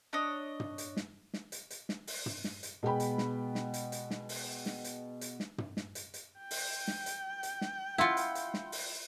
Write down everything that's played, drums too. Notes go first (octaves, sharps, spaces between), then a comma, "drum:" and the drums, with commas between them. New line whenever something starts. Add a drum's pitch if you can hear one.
D4 C#5 D#5
drum: tom
drum: hi-hat
drum: snare
drum: snare
drum: hi-hat
drum: hi-hat
drum: snare
drum: open hi-hat
drum: tom
drum: snare
drum: hi-hat
B2 G#3 B3 G5 B5
drum: hi-hat
drum: snare
drum: snare
drum: hi-hat
drum: hi-hat
drum: snare
drum: open hi-hat
drum: snare
drum: hi-hat
drum: hi-hat
drum: snare
drum: tom
drum: snare
drum: hi-hat
drum: hi-hat
G5
drum: open hi-hat
drum: snare
drum: hi-hat
drum: hi-hat
drum: snare
E4 F4 F#5 C6 C#7, drum: snare
drum: hi-hat
drum: hi-hat
drum: snare
drum: open hi-hat